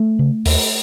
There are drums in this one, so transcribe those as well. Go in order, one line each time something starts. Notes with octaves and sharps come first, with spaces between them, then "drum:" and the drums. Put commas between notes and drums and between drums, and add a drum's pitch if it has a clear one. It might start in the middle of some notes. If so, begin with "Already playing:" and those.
Already playing: A3
C#3
D#2, drum: open hi-hat